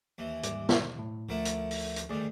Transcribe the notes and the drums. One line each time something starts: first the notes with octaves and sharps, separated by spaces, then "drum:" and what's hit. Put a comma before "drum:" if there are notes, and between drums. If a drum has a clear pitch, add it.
D#2 E3
G#2 G3 D6, drum: hi-hat
drum: snare
A2
D2 D3 F3 A3 E4 A#4
drum: hi-hat
drum: open hi-hat
drum: hi-hat
D2 G2 D#3 G#4 D5